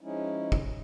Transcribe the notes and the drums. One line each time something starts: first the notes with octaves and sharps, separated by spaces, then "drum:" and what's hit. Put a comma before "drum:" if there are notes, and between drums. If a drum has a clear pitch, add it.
F3 G#3 C#4 D#4 E4
drum: kick